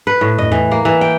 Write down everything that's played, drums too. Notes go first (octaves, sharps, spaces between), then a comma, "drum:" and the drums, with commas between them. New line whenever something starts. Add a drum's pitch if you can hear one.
B4
A2
D#5, drum: tom E2
E3
A#3
E3
G5